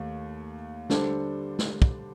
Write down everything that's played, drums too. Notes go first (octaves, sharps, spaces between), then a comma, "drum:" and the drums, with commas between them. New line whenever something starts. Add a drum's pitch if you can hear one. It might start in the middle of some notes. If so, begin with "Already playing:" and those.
Already playing: D#2 A3
D3 G3 D4 A4 C5, drum: snare
drum: snare
drum: kick